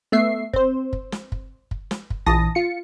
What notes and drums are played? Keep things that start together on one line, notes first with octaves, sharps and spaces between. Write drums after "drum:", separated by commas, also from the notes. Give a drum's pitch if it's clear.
A3 B3 E5 C7
C4 C5, drum: kick
drum: kick
drum: snare
drum: kick
drum: kick
drum: snare
drum: kick
A#1 E3 A5 D#6 A#6
F4 C#7